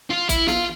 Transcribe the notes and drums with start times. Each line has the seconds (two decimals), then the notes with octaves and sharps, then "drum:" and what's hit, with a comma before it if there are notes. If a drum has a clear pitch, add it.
0.10 F4
0.29 E4, drum: kick, hi-hat
0.48 F4, drum: snare